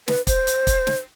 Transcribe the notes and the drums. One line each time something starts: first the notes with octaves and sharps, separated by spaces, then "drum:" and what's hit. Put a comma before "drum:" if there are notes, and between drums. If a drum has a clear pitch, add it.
B4, drum: snare
C5, drum: kick, hi-hat
drum: hi-hat
drum: kick, hi-hat
drum: snare